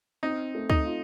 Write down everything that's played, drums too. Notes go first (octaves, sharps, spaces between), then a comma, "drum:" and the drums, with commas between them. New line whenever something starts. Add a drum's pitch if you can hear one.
C4 D#4
A3
D#4, drum: kick C#2
F4